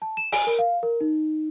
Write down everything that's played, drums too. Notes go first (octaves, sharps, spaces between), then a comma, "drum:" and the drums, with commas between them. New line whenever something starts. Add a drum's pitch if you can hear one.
A5
E7
G#5, drum: open hi-hat
A#4
F5
A#4
D#4